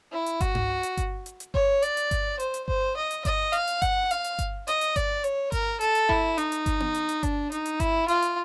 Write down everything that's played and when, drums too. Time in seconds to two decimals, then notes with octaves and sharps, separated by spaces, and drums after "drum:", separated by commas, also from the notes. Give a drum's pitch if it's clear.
0.12 E4
0.26 drum: hi-hat
0.41 F#4, drum: kick G1, hi-hat
0.55 drum: tom G2
0.83 drum: hi-hat
0.97 drum: kick G1, hi-hat
1.26 drum: hi-hat
1.40 drum: hi-hat
1.54 C#5, drum: kick G1
1.83 D5, drum: hi-hat
1.97 drum: hi-hat
2.11 drum: kick G1, hi-hat
2.40 C5, drum: hi-hat
2.54 drum: hi-hat
2.68 C5, drum: kick G1
2.97 D#5
3.11 drum: hi-hat
3.25 D#5, drum: kick G1, hi-hat
3.53 F5, drum: hi-hat
3.68 drum: hi-hat
3.82 F#5, drum: kick G1, hi-hat
4.11 F5, drum: hi-hat
4.24 drum: hi-hat
4.39 drum: kick G1, hi-hat
4.67 D#5, drum: hi-hat
4.81 drum: hi-hat
4.96 D5, drum: kick G1, hi-hat
5.24 C#5, drum: hi-hat
5.52 A#4, drum: kick G1, hi-hat
5.81 A4, drum: hi-hat
5.95 drum: hi-hat
6.09 E4, drum: kick G1
6.38 D#4, drum: hi-hat
6.52 drum: hi-hat
6.66 drum: kick G1, hi-hat
6.80 drum: tom B3
6.94 drum: hi-hat
7.09 drum: hi-hat
7.23 D4, drum: kick G1, hi-hat
7.52 D#4, drum: hi-hat
7.66 drum: hi-hat
7.80 E4, drum: kick G1, hi-hat
8.08 F4, drum: hi-hat
8.22 drum: hi-hat